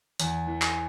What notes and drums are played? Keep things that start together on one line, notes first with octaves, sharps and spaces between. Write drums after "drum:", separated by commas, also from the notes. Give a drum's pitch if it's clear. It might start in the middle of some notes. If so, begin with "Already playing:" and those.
E2 G#5, drum: hi-hat
E3
G#5, drum: clap